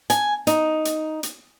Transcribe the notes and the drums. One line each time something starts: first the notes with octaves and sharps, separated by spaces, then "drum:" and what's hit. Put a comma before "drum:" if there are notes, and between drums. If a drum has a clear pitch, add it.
G#5, drum: hi-hat
D#4, drum: hi-hat
drum: hi-hat
drum: hi-hat